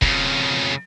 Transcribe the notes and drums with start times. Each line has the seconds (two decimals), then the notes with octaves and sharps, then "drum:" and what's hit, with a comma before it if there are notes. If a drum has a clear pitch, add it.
0.02 F2 C#3, drum: kick